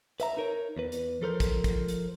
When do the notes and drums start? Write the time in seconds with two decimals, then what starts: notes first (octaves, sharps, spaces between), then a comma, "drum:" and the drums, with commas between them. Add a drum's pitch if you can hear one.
0.20 B4 E5 A#5, drum: hi-hat
0.37 D#4 A#4 C#5
0.77 E2 B4
0.92 drum: hi-hat
1.22 F3 A4 A#4 C5
1.40 drum: kick, hi-hat
1.64 drum: kick, hi-hat
1.88 drum: hi-hat